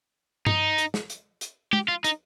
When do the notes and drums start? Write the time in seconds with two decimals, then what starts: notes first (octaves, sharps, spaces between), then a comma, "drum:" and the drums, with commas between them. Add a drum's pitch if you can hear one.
0.46 D#4, drum: tom G2
0.78 drum: hi-hat
0.94 drum: snare
1.10 drum: hi-hat
1.41 drum: hi-hat
1.73 G4, drum: tom G#3
1.88 F4
2.04 D#4, drum: hi-hat